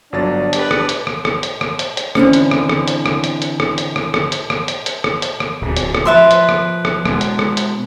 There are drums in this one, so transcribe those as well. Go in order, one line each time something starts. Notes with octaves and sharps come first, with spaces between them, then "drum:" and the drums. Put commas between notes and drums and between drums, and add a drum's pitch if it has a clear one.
G1 F#3 D4 A6
G4 B4 D5, drum: hi-hat
drum: rim click
drum: hi-hat
drum: rim click
drum: rim click
drum: hi-hat
drum: rim click
drum: hi-hat
drum: hi-hat
D3 E3 C4 C#4, drum: rim click
drum: hi-hat
drum: rim click
drum: rim click
drum: hi-hat
drum: rim click
drum: hi-hat
drum: hi-hat
drum: rim click
drum: hi-hat
drum: rim click
drum: rim click
drum: hi-hat
drum: rim click
drum: hi-hat
drum: hi-hat
drum: rim click
drum: hi-hat
drum: rim click
D1 A#2
drum: hi-hat
drum: rim click
F3 B4 E5 C6
drum: hi-hat
drum: rim click
drum: rim click
B2 G#3, drum: rim click
drum: hi-hat
drum: rim click
drum: hi-hat